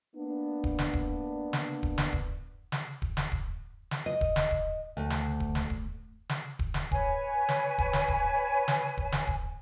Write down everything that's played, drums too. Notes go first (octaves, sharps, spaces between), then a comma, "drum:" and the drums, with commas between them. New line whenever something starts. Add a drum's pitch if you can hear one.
A#3 B3 D4
drum: kick D1
drum: snare
drum: kick D1
drum: snare
drum: kick D1
drum: snare
drum: kick D1
drum: snare
drum: kick D1
drum: snare
drum: kick D1
drum: snare
D#5
drum: kick D1
drum: snare
drum: kick D1
D2
drum: snare
drum: kick D1
drum: snare
drum: kick D1
drum: snare
drum: kick D1
drum: snare
B4 C#5 G#5, drum: kick D1
drum: snare
drum: kick D1
drum: snare
drum: kick D1
drum: snare
drum: kick D1
drum: snare
drum: kick D1